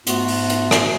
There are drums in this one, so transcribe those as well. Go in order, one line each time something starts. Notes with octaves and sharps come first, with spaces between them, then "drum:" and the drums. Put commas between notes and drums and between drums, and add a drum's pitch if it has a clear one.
G#2 A3 B3 F4 F#4, drum: hi-hat
drum: open hi-hat
drum: hi-hat
drum: rim click